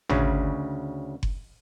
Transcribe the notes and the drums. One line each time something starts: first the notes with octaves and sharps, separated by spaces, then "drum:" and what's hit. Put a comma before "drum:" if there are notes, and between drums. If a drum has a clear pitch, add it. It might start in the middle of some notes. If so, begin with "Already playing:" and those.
D2 C#3, drum: tom G#1
drum: kick F#1